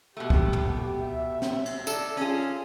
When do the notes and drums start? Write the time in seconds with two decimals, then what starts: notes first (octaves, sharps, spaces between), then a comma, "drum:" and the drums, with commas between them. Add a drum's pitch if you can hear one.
0.17 B2 A3 G4
0.30 drum: kick
0.53 drum: tom
0.71 G4
1.04 E5
1.42 drum: snare
1.66 drum: cymbal
1.87 A4 D5, drum: tambourine
2.17 C#4 F4 G#4, drum: hi-hat